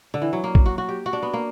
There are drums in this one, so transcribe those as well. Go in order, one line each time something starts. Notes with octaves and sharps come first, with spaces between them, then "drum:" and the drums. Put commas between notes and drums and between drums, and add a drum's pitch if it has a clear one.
D3
E3
F#3
A#3
drum: kick
F#4
F#4
G4
F#4
D4
B3
A#3